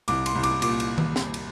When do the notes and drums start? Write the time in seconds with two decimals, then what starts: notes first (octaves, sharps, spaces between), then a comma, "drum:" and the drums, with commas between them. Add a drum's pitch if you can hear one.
0.08 C2 D6, drum: cymbal
0.26 C6, drum: cymbal
0.35 C2
0.43 D6, drum: cymbal
0.62 A#2 D6, drum: cymbal
0.80 drum: cymbal
0.98 drum: tom D#3
1.16 drum: snare
1.34 drum: cymbal